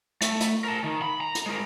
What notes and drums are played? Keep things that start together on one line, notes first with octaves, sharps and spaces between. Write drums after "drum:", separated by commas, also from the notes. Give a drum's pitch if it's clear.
A3, drum: hi-hat
drum: hi-hat
A#4 A5
D#3
B5
A#5
drum: hi-hat
G#3 A#4